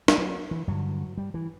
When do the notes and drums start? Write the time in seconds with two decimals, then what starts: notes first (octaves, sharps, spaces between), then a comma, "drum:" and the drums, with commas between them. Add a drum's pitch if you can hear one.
0.08 G3, drum: snare
0.18 F#3
0.51 E3
0.68 G2 D3 F#3
1.18 G3
1.34 E3